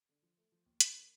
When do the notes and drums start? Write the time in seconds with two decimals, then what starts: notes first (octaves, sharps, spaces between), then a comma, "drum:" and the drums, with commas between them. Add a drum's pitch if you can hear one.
0.09 D3
0.22 F3
0.37 A3
0.52 F3
0.66 D#2
0.80 D3, drum: hi-hat
0.96 A#3